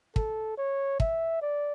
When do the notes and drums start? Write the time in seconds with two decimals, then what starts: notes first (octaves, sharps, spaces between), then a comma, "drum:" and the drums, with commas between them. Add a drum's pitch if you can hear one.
0.16 A4, drum: kick
0.58 C#5
1.00 E5, drum: kick
1.41 D5